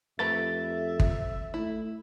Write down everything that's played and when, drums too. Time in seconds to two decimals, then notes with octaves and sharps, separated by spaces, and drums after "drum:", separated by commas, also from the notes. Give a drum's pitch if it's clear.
0.19 F2 A3 G4 B4 E5 A6
1.00 drum: kick
1.54 A3 E4